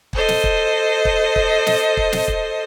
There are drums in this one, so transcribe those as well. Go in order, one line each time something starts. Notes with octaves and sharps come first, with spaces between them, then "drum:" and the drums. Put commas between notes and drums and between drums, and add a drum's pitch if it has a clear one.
A4 C5 D#5, drum: kick
drum: snare
drum: kick
drum: kick
drum: kick
drum: snare
drum: kick
drum: snare
drum: kick